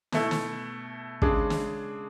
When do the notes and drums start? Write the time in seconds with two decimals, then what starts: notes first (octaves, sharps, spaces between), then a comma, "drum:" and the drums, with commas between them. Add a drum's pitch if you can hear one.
0.12 B2 A3 E4, drum: snare
0.31 drum: snare
1.22 C#3 G#3 D4 G#4, drum: kick
1.50 drum: snare